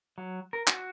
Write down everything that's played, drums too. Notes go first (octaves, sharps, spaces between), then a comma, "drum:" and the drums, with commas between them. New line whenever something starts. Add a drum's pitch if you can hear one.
F#3
A#4
F#4, drum: clap